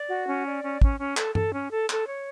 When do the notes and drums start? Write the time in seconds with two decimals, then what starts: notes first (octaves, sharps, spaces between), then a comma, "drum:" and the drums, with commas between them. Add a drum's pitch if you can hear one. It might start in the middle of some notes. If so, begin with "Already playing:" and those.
Already playing: D5
0.09 F#4
0.27 C#4
0.45 D5
0.63 C#4
0.81 C#4, drum: kick
0.99 C#4
1.17 A4, drum: clap
1.35 A4, drum: tom G2
1.53 C#4
1.71 A4
1.90 A4, drum: clap
2.07 C#5